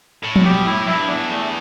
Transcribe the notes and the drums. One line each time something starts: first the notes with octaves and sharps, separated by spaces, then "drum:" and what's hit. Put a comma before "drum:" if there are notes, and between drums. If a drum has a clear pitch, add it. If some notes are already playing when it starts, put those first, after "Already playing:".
A2
drum: tom F3
B2 G4
A2 E4
G2 E4
E2 D4
A3
A3